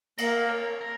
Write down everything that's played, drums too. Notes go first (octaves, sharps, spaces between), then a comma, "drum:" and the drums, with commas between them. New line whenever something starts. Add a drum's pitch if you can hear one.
A#3 A#4, drum: cymbal
C#5
A#4